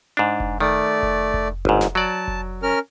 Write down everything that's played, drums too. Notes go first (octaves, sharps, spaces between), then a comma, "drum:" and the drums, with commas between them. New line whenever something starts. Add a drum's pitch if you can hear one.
G#2 D4
drum: kick F1
D#3 A3 D5
drum: kick F1
drum: kick F1
G1 G#2, drum: kick F1
drum: snare
F#3 D5 A5
drum: kick F1
C#4 A#4 F6